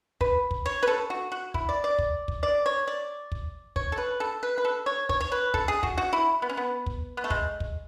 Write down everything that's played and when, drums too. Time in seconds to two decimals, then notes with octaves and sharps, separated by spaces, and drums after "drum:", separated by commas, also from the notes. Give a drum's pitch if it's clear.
0.21 B4, drum: kick
0.51 drum: kick
0.66 C#5
0.83 B4
0.87 A4
1.10 F#4
1.32 F#4
1.54 E4, drum: kick
1.69 D5
1.84 D5
1.99 drum: kick
2.28 drum: kick
2.43 D5
2.66 C#5
2.87 D5
3.32 drum: kick
3.76 C#5, drum: kick
3.92 A4
3.98 B4
4.20 A4
4.43 B4
4.58 B4
4.65 A4
4.86 C#5
5.09 C#5, drum: kick
5.21 C#5
5.32 B4
5.54 A4, drum: kick
5.68 G#4
5.83 F#4, drum: kick
5.98 F#4
6.13 E4
6.42 B3
6.49 C#4
6.57 B3
6.86 drum: kick
7.17 B3
7.24 A3
7.30 G#3, drum: kick
7.60 drum: kick